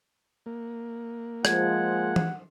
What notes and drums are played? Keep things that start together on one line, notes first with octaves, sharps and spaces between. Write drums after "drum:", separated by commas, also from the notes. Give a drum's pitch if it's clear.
A#3
F3 G#3 F#5 G#6, drum: rim click
drum: tom E3